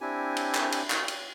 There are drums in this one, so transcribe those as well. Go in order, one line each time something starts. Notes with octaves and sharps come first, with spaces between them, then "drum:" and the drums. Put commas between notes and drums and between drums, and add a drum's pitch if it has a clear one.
C4 D4 E4 G4 G#5
drum: cymbal
drum: clap
drum: cymbal
drum: clap
drum: cymbal